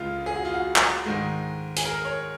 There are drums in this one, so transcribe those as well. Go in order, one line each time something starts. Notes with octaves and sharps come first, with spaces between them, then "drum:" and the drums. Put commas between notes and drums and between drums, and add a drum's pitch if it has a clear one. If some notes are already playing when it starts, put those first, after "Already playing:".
Already playing: C#2 C#3 G#3 F4
G#4
F#4
F4
F#4
drum: clap
G#2 D#3 G#3
G#4, drum: open hi-hat
A#4
C#5